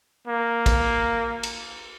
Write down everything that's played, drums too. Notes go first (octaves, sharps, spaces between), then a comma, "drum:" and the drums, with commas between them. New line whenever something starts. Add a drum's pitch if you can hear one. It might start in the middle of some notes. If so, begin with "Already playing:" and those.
A#3
drum: kick, cymbal
drum: cymbal